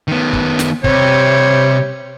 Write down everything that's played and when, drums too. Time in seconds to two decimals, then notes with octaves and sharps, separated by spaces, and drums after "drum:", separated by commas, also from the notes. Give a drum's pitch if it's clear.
0.08 D#3 B3
0.33 drum: kick
0.59 drum: snare
0.84 C3 G3 C5 C#5, drum: kick